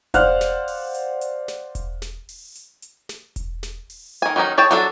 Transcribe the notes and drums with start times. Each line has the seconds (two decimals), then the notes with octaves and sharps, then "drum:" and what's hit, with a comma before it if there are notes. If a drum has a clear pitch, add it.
0.14 C5 D5 F5 F#5 F6 F#6, drum: kick E1, hi-hat
0.41 drum: snare
0.68 drum: open hi-hat
0.94 drum: hi-hat
1.21 drum: hi-hat
1.48 drum: snare
1.75 drum: kick E1, hi-hat
2.02 drum: snare
2.29 drum: open hi-hat
2.55 drum: hi-hat
2.82 drum: hi-hat
3.09 drum: snare
3.36 drum: kick E1, hi-hat
3.63 drum: snare
3.90 drum: open hi-hat
4.22 D#3 G#5
4.36 D#3 F#3 C#4 D#4
4.58 G#4 C#5 G5 A5
4.71 F#3 D4 A4, drum: snare